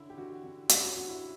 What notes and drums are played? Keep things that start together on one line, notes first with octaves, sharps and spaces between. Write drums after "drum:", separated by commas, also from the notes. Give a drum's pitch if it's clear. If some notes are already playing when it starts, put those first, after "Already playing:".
Already playing: D3 C#4 E4
G4
D3 F#4
D3
C#4 G4, drum: hi-hat
F#4
D3 F#4
E4